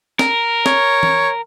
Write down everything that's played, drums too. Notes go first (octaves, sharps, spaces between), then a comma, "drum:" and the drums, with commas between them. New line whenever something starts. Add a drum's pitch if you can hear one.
A#4, drum: snare
C#5, drum: snare
drum: tom E3